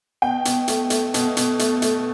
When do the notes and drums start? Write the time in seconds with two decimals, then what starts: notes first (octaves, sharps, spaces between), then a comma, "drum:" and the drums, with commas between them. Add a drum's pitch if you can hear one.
0.22 B2 G5
0.45 B2, drum: hi-hat
0.68 A3, drum: hi-hat
0.90 A3, drum: hi-hat
1.14 B2, drum: hi-hat
1.37 B2, drum: hi-hat
1.59 A3, drum: hi-hat
1.82 A3, drum: hi-hat